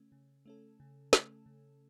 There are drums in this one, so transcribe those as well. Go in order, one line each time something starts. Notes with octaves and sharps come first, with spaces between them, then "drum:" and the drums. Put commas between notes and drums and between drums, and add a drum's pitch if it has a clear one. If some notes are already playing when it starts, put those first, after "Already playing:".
Already playing: C#3 A3 C#4
C#3
A3 C#4 A4
C#3
A3 C#4 A4, drum: snare
C#3